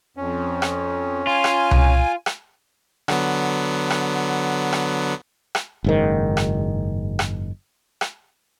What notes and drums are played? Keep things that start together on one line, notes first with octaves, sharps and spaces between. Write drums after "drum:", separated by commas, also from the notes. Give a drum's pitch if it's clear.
F2 C#4
drum: rim click
F4 G#5
drum: rim click
drum: tom C2
drum: rim click
D3 F#3 B3, drum: rim click
drum: rim click
drum: rim click
drum: rim click
F#1 G#2 D#3
drum: rim click
drum: rim click
drum: rim click